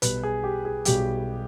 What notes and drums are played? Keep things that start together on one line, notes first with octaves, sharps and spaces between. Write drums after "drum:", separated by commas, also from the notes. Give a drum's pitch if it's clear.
B1 B2 G3 B4, drum: hi-hat
G#4
G4
G#4
B1 B2 G3 G4, drum: hi-hat